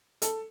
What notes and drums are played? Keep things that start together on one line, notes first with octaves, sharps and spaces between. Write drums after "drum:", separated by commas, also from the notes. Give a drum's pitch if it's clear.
A4, drum: hi-hat